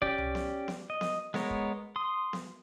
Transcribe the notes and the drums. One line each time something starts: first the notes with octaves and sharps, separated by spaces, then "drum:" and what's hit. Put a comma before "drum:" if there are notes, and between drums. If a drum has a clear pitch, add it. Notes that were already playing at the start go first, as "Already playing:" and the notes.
C#4 G4 D5, drum: kick
drum: tom C2
drum: snare B3
drum: snare B3
D#5
drum: snare B3
G#3 B3 A#4 C#5, drum: snare B3
drum: kick
C6 D#6
drum: snare B3